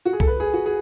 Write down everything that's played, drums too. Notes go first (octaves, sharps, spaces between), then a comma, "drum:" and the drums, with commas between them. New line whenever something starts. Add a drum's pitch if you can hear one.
F#4
G#4
A4, drum: kick C2
B4
G#4
F#4
G#4